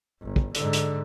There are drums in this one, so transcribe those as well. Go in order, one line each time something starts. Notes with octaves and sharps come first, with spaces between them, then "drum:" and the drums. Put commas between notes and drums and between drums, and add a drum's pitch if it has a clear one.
G1
drum: kick
G#2 D3, drum: hi-hat
drum: hi-hat